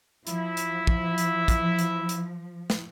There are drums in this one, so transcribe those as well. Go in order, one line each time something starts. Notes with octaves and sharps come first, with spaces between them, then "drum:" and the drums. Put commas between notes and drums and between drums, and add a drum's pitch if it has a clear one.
F3 E4, drum: hi-hat
drum: hi-hat
drum: kick
drum: hi-hat
drum: kick, hi-hat
drum: hi-hat
drum: hi-hat
drum: snare